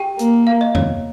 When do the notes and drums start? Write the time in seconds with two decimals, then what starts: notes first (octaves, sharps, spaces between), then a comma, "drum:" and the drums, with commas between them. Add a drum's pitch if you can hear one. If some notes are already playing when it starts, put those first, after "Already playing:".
Already playing: G4 G5
0.19 A#3, drum: hi-hat
0.47 F5
0.61 D#5
0.75 C#5, drum: tom E2